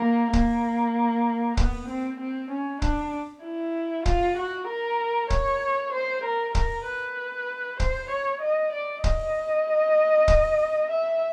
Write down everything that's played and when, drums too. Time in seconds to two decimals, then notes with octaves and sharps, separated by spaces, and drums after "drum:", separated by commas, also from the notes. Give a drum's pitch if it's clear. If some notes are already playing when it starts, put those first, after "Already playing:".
Already playing: A#3
0.33 A#3, drum: kick
1.57 B3, drum: kick
1.89 C4
2.20 C4
2.51 C#4
2.82 D4, drum: kick
3.44 E4
4.06 F4, drum: kick
4.37 F#4
4.69 A#4
5.30 C#5, drum: kick
5.93 C5
6.24 A#4
6.55 A#4, drum: kick
6.86 B4
7.80 C5, drum: kick
8.10 C#5
8.41 D#5
8.72 D5
9.04 D#5, drum: kick
10.28 drum: kick
10.90 E5